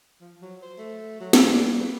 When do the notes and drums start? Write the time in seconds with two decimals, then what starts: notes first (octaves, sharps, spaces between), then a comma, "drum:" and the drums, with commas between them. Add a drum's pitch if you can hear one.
0.21 F3
0.42 F#3
0.62 C5
0.79 A3
1.20 F#3
1.33 A4, drum: snare
1.51 D4
1.63 G3
1.79 B4